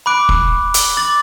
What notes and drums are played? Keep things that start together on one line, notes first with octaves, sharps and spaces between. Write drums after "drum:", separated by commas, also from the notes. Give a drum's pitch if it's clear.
B5 D6 F#6 D7
drum: kick
drum: hi-hat
D6 A6 F#7